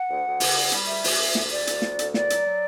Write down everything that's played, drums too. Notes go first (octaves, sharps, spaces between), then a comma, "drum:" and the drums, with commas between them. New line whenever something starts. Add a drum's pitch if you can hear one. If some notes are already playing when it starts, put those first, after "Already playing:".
Already playing: F#5
D2
D2
C#3, drum: open hi-hat
G3
G3, drum: hi-hat
D2 E5
D2, drum: open hi-hat
D2
D2, drum: snare
D2 D5
D2, drum: hi-hat
D3, drum: snare
D2, drum: hi-hat
A#2 D5, drum: snare
F#3, drum: hi-hat
F#3